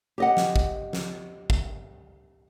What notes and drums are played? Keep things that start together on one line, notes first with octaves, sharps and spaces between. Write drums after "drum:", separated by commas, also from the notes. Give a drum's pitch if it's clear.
G4 D#5 F#5
drum: snare
drum: kick
drum: snare
drum: kick